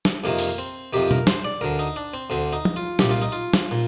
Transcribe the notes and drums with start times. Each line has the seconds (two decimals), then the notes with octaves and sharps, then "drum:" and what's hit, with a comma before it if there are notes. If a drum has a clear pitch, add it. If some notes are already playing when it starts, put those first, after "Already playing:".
0.05 drum: snare
0.24 F2 C3 D#3 A#3
0.38 drum: open hi-hat
0.58 C4
0.93 F2 C3 D#3 G4
1.11 A#4, drum: tom B2
1.27 C5, drum: snare
1.45 D5
1.61 D2 D3 A#4
1.79 D#4
1.96 D4
2.14 C4
2.30 D2 D3 C4
2.53 D#4
2.65 drum: tom
2.76 F4
2.99 C2 A#2 G4, drum: snare
3.11 F4
3.22 D#4
3.32 F4
3.53 drum: snare
3.71 A#2